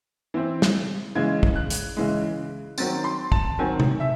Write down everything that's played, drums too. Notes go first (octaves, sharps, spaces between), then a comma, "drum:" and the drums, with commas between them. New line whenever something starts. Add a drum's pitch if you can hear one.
E3 C4
drum: snare
C#3 E3 G#3 G#6
drum: kick
F#6
drum: hi-hat
C#3 E3 G#3
D#3 F#3 C4 A6, drum: tambourine
C6
A5, drum: kick
D#3 F#3 C4 G#5
drum: tom C3
E5